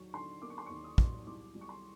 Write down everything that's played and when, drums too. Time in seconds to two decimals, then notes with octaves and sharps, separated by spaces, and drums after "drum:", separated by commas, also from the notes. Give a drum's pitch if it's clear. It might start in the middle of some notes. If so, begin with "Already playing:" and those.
Already playing: D#2 F#3 C#6
0.14 D3 C6
0.42 A#3 D6
0.50 C#6
0.58 C6
0.66 C#6
0.70 D#2
0.84 D#6
0.98 F#3, drum: kick
1.27 C2 D6
1.55 G3
1.61 C#6
1.69 C6